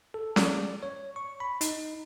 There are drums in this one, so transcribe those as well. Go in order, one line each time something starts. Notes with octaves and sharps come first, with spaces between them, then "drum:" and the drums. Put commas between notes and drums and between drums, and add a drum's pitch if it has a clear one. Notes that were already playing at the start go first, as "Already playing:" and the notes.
A4
D5, drum: snare C#4
C#5
C#6
B5
D#4, drum: hi-hat